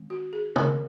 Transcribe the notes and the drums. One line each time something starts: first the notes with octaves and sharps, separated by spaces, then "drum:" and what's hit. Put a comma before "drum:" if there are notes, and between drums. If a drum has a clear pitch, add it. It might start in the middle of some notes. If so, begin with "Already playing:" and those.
Already playing: D#3 G#3 C4
F#4
G#4
D#3 G#3 C4 A#4, drum: tom